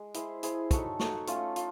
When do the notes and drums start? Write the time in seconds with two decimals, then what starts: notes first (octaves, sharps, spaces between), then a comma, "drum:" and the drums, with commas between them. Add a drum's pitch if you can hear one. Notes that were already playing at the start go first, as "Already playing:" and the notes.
Already playing: G#3
0.14 E4 G#4 C5, drum: hi-hat
0.43 E4 G#4 C5, drum: hi-hat
0.71 D#4 F#4 A4 C#5, drum: kick, hi-hat
0.99 D#4 F#4 A4 C#5, drum: snare
1.27 A3 C#4 F4, drum: hi-hat
1.56 F4, drum: hi-hat